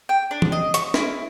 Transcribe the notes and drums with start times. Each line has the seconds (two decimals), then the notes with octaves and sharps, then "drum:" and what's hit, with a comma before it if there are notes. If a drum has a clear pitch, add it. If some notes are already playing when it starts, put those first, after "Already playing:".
0.09 G5
0.31 D4
0.42 drum: tom
0.52 D#5
0.74 C#6, drum: hi-hat
0.94 E4, drum: snare